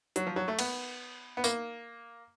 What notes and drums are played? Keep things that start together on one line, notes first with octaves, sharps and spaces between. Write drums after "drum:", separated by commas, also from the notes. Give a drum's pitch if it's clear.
F#3, drum: hi-hat
F3
F#3
A3
B3, drum: cymbal
B3
A#3, drum: tambourine